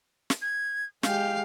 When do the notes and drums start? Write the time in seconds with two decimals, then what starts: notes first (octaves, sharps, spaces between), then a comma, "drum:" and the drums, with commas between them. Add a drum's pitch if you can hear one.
0.30 drum: snare
0.42 G#6
1.03 G#3 G4 F5 G6, drum: snare